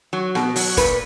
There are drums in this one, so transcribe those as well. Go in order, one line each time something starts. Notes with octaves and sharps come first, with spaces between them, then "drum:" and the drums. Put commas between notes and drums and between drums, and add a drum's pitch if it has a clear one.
F#3
B2, drum: snare B3
F#3, drum: open hi-hat
A#2 B4, drum: kick, hi-hat